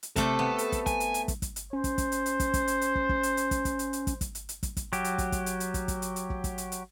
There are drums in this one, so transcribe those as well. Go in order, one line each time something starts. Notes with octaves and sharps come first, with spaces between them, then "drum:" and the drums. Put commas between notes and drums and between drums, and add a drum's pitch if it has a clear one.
drum: hi-hat
C3 A3 A4, drum: kick, hi-hat
B3
drum: hi-hat
drum: kick, hi-hat
G#5, drum: kick, hi-hat
drum: hi-hat
drum: hi-hat
drum: kick, hi-hat
drum: kick, hi-hat
drum: hi-hat
C#4 C5
drum: kick, hi-hat
drum: kick, hi-hat
drum: hi-hat
drum: hi-hat
drum: kick, hi-hat
drum: kick, hi-hat
drum: hi-hat
drum: hi-hat
drum: kick
drum: kick
drum: hi-hat
drum: hi-hat
drum: kick, hi-hat
drum: kick, hi-hat
drum: hi-hat
drum: hi-hat
drum: kick, hi-hat
drum: kick, hi-hat
drum: hi-hat
drum: hi-hat
drum: kick, hi-hat
drum: kick, hi-hat
F#3 G4, drum: hi-hat
drum: hi-hat
drum: kick, hi-hat
drum: kick, hi-hat
drum: hi-hat
drum: hi-hat
drum: kick, hi-hat
drum: kick, hi-hat
drum: hi-hat
drum: hi-hat
drum: kick
drum: kick, hi-hat
drum: hi-hat
drum: hi-hat